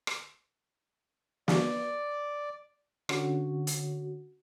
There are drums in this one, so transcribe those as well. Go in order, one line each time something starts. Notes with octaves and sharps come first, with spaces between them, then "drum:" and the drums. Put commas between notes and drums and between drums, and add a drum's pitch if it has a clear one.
drum: rim click
D5, drum: snare
D3 C#4 F#4, drum: rim click
drum: hi-hat